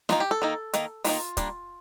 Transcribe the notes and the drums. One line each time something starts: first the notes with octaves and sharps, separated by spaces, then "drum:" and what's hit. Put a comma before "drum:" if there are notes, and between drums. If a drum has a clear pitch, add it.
D#3 A#3 D#4 F4, drum: snare
G4
A4
D#3 A#3 D#4
D#3 A#3 D#4, drum: hi-hat
D#3 A#3 D#4 F4, drum: open hi-hat
G3 A#3 D4, drum: kick, hi-hat